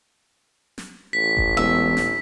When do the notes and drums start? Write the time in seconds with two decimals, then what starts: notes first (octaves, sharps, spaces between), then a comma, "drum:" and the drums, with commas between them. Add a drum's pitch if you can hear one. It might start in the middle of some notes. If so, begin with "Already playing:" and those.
0.78 drum: snare
1.13 A1 B6
1.37 drum: kick F1
1.57 E1 E5
1.97 drum: snare